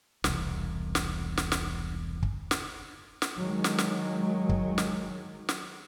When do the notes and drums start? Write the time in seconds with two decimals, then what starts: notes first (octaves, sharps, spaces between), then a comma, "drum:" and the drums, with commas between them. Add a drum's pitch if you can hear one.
0.24 E1 C2, drum: snare
0.95 drum: snare
1.37 drum: snare
1.52 drum: snare
2.23 drum: kick
2.51 drum: snare
3.22 drum: snare
3.35 D#3 F#3 G#3
3.64 drum: snare
3.78 drum: snare
4.49 drum: kick
4.78 drum: snare
5.49 drum: snare